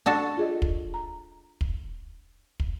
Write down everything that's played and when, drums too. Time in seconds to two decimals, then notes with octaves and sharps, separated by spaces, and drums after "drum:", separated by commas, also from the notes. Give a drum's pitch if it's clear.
0.06 D4 F#4 A4
0.37 F4 G#4 D#5
0.62 drum: kick
0.94 A#5
1.61 drum: kick
2.60 drum: kick